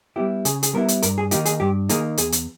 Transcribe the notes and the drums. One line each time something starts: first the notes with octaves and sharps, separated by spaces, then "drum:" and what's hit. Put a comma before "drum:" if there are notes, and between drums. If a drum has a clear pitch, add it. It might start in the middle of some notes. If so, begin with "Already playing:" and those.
G3 B3 E4 G4
C#3 G#4, drum: hi-hat
G#4, drum: hi-hat
G3 B3 E4 A#4
drum: hi-hat
G2 A#4, drum: hi-hat
G#4
D#3 A#3 D#4 G4, drum: hi-hat
G#4, drum: hi-hat
G2 G4
D#3 A#3 D#4 G#4, drum: hi-hat
E2 G#4, drum: hi-hat
drum: hi-hat